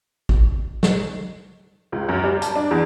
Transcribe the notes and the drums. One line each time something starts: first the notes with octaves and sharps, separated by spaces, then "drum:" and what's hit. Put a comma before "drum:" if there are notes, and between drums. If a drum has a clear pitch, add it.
drum: kick A1
drum: snare
C#2
F#2
G3
A5, drum: hi-hat
D4
E2